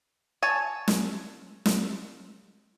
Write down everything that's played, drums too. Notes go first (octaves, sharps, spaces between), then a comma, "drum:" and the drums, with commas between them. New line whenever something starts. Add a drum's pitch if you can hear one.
C#5 G#5 A5
drum: snare
drum: snare